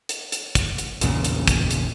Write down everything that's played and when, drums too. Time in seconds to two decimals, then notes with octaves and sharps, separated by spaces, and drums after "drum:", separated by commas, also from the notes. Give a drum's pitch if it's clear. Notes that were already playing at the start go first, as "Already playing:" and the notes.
0.09 drum: hi-hat
0.32 drum: hi-hat
0.55 drum: kick, hi-hat
0.78 drum: hi-hat
1.01 A#1 E2 A#2 C#3, drum: hi-hat
1.24 drum: hi-hat
1.48 drum: kick, hi-hat
1.71 drum: hi-hat